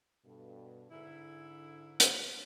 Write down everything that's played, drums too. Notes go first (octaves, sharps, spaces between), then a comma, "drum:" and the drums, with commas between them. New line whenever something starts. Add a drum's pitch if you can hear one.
G2 B2 A4
G#2 D3 E4
drum: hi-hat